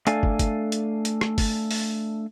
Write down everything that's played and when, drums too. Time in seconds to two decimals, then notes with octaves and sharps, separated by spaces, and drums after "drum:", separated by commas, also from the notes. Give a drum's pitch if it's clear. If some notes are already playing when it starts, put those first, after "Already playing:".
0.07 A3 D4 A4 D5 F5 G#5, drum: hi-hat
0.23 drum: kick
0.39 drum: kick, hi-hat
0.72 drum: hi-hat
1.05 drum: hi-hat
1.21 drum: rim click
1.38 drum: kick, open hi-hat
1.71 drum: open hi-hat